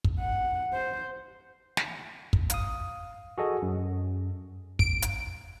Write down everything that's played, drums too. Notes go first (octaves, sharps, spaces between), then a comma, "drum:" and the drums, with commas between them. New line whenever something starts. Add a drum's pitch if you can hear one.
drum: kick
F#5
C5
drum: snare
drum: kick
F5 D#6, drum: hi-hat
F#4 G#4 A4 D#5
F#2
D7, drum: kick
drum: hi-hat